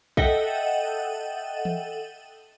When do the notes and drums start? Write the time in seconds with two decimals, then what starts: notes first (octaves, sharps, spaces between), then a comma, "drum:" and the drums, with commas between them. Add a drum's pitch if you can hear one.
0.17 A4 D#5 E5 F#5 G5, drum: kick
1.65 drum: tom E3